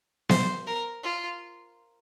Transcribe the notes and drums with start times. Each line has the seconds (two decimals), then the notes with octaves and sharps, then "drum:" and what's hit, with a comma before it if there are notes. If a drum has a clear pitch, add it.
0.29 C5, drum: snare B3
0.67 A#4
1.03 F4